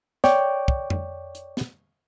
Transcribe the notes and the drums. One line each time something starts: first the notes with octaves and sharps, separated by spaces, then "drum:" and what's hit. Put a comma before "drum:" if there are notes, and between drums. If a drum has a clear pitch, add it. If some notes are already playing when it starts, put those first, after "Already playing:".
C#5 D5 G5, drum: snare
drum: kick
drum: tom F2
drum: hi-hat
drum: snare